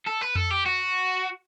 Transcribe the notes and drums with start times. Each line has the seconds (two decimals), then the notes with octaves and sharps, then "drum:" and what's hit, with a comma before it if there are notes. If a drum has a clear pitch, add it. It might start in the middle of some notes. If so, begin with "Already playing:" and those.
0.06 A4
0.21 B4
0.35 A4, drum: tom F2
0.50 G4
0.66 F#4